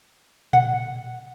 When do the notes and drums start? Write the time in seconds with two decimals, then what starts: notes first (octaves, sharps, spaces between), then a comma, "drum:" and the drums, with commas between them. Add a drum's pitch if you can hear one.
0.53 F#5, drum: tom A#2